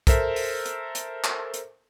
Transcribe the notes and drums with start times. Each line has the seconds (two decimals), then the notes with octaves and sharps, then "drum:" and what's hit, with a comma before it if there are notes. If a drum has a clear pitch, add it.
0.07 A4 A#4 C5 E5, drum: kick, hi-hat
0.36 drum: open hi-hat
0.66 drum: hi-hat
0.95 drum: hi-hat
1.24 drum: clap
1.54 drum: hi-hat